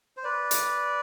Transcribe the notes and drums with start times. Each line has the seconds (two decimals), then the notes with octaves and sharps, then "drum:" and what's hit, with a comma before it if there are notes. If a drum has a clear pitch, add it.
0.17 C5
0.24 B4 D5
0.51 drum: hi-hat